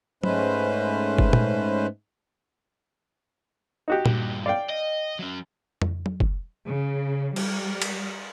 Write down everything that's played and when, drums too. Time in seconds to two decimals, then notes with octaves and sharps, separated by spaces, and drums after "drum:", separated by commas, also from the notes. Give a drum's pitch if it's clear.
0.24 G#2 G#3 A3 C#4 B4 C5, drum: tom F#3
1.19 drum: kick
1.33 drum: tom A#2
3.88 D#4 F#4 G4
4.06 G2 A#2, drum: tom A#2
4.46 D5 F5 G5
4.70 D#5
5.19 F#3 C#4
5.82 drum: tom F2
6.06 drum: tom F#3
6.20 drum: kick
6.67 C#3
7.36 G3, drum: cymbal
7.82 drum: cymbal